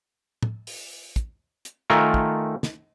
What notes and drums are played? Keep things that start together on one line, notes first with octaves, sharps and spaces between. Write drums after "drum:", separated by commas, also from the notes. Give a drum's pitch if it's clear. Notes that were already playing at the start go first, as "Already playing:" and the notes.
drum: tom
drum: open hi-hat
drum: kick, hi-hat
drum: hi-hat
D#3 A3 F4 A4 A#4 G#5
drum: kick
drum: snare